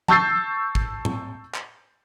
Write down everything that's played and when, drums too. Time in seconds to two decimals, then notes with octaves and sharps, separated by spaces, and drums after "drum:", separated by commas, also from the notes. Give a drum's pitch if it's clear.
0.08 A5 C#6 E6 G6 A6 C7, drum: tom
0.75 drum: kick
1.05 drum: tom
1.55 drum: clap